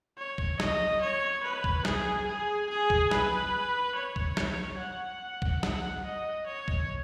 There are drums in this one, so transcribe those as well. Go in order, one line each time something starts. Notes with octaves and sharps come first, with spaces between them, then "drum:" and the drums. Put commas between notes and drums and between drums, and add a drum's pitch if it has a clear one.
C#5
drum: kick
D#5, drum: snare
C#5
B4
drum: kick
G#4, drum: snare
G#4
G#4
drum: kick
B4, drum: snare
C#5
drum: kick
drum: snare
F#5
drum: kick
F#5, drum: snare
D#5
C#5
drum: kick